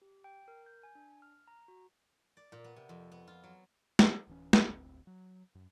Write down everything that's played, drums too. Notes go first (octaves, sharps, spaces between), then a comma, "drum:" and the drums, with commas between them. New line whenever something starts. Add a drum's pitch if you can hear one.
G4
G5
A#4
G6
G#5
D4
F6
A#5
F#4
D5
A#2
B3
C3
F2
B3
F4
F#3
drum: snare
D1 E3 C#4
drum: snare
D1 G1 D2 C4
F#3
F#2